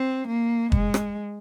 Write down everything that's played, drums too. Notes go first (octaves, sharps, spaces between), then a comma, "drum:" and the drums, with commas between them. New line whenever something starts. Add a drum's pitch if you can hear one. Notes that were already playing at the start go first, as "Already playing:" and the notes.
Already playing: C4
A#3
G#3, drum: kick
drum: rim click